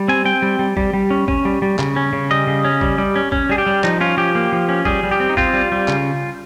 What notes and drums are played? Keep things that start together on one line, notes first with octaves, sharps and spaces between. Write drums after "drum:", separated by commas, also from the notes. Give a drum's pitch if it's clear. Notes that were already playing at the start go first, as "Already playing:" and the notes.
Already playing: G3
C4 G#5
C4 G5
G3
G3
G3, drum: kick
G3
C#4
C#4, drum: kick
G3
G3
C#3, drum: clap
C#4
C#3
G3 D#5
C#3
C#4
G3, drum: kick
G3
C#4
C#4, drum: kick
G3 G#4
G4
G3
F3 D#4, drum: clap
C#4 F4
F3 G4
A#3
F3
C#4
G3 G#4, drum: kick
G3
G4
C4
D#4
C4 F4, drum: kick
G3
G3
C#3, drum: clap